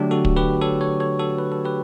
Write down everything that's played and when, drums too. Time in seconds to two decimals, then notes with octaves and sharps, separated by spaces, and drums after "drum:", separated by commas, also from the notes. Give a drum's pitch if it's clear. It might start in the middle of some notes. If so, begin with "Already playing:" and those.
Already playing: D3 F#3 A3 D4 G4
0.11 F#4 A4
0.25 drum: kick
0.36 G4 B4
0.61 A4 C#5
0.81 A4 C#5
1.00 A4 C#5
1.19 F#4 A4
1.38 B4
1.52 A4
1.65 G4 B4